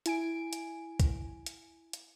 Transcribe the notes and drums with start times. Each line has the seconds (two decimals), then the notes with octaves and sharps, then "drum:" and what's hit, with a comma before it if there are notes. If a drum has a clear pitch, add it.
0.06 E4 G#5 D7, drum: hi-hat
0.53 drum: hi-hat
1.00 drum: kick C2, hi-hat
1.46 drum: hi-hat
1.93 drum: hi-hat